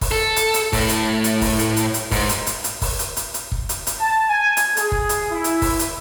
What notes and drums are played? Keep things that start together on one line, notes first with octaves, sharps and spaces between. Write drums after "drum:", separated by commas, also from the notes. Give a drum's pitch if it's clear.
drum: kick, open hi-hat
A4
drum: hi-hat
drum: hi-hat
A2, drum: kick, open hi-hat
drum: hi-hat
drum: hi-hat
drum: kick, open hi-hat
drum: hi-hat
drum: hi-hat
drum: hi-hat
G#2, drum: kick, open hi-hat
drum: hi-hat
drum: hi-hat
drum: hi-hat
drum: kick, open hi-hat
drum: hi-hat
drum: hi-hat
drum: hi-hat
drum: kick
drum: hi-hat
drum: hi-hat
A5
G#5
drum: hi-hat
G#4, drum: hi-hat
drum: kick
drum: hi-hat
E4
drum: hi-hat
drum: kick, open hi-hat
drum: hi-hat